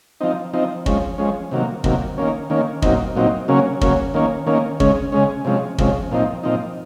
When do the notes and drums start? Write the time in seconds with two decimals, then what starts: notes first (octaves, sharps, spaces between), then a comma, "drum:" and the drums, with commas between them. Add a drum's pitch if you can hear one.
0.20 F3 C4 D#4
0.53 F3 C4 D#4
0.86 F3 G#3 C#4, drum: kick
1.18 F3 G#3 C#4
1.51 C3 D#3 F#3 A#3
1.84 C3 D#3 F#3 A#3, drum: kick
2.18 D#3 A#3 C#4
2.50 D#3 A#3 C#4
2.82 A#2 F#3 C4 D#4, drum: kick
3.16 A#2 F#3 C4 D#4
3.48 C#3 F#3 A#3 C#4
3.81 C#3 F#3 A#3 C#4, drum: kick
4.14 D#3 A#3 C#4
4.47 D#3 A#3 C#4
4.80 C#3 G#3 C#4, drum: kick
5.12 C#3 G#3 C#4
5.45 C3 F3 G#3 C#4
5.78 C3 F3 G#3 C#4, drum: kick
6.11 A#2 F3 C4 D#4
6.43 A#2 F3 C4 D#4